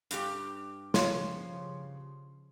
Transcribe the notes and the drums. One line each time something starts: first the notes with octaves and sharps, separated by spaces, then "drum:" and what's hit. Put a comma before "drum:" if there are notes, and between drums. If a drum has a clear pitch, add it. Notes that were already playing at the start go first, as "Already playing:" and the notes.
G2 G4, drum: hi-hat
C#3 F3 C#5 F5 C6, drum: snare